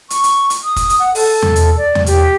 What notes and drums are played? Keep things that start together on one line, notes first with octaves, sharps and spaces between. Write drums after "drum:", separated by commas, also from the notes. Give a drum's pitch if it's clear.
C#6, drum: hi-hat
drum: hi-hat
drum: hi-hat
D#6
drum: kick, hi-hat
drum: hi-hat
F#5
A4, drum: open hi-hat
drum: tom E2
drum: hi-hat
D5
drum: tom E2
G4, drum: hi-hat